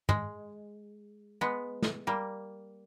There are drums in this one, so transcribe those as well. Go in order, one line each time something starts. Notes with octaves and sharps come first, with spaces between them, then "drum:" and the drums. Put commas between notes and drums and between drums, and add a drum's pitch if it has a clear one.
G#3, drum: tom
G#3 B3
drum: snare
G3 A#3